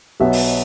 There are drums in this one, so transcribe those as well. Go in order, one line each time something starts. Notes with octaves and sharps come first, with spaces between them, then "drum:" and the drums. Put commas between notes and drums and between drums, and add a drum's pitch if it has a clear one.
B1 B2 F#3 B3 E5
drum: open hi-hat